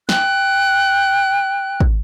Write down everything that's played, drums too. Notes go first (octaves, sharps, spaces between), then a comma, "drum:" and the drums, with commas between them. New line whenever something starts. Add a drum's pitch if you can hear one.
G5 F#6, drum: snare
drum: kick